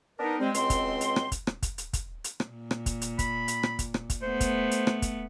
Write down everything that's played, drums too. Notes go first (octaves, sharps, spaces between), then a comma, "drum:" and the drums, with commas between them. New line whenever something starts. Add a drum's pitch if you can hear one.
B3 D4 D#4 A#4
G3 G#3 C4
C#2 B2 G#3 C4 C6, drum: hi-hat
drum: kick, hi-hat
drum: hi-hat
drum: rim click
drum: kick, hi-hat
drum: rim click
drum: kick, hi-hat
drum: hi-hat
drum: kick, hi-hat
drum: hi-hat
drum: rim click
A#2
drum: rim click
drum: kick, hi-hat
drum: hi-hat
B5, drum: kick, hi-hat
drum: hi-hat
drum: rim click
drum: kick, hi-hat
drum: rim click
drum: kick, hi-hat
A3 B3 C5
drum: kick, hi-hat
drum: hi-hat
drum: rim click
drum: kick, hi-hat